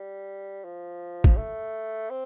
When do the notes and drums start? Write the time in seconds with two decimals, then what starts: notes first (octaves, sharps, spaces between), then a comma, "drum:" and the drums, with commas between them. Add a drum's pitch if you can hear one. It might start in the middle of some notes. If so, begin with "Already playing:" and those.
Already playing: G3
0.64 F3
1.24 drum: kick A1
1.37 A3
2.10 C4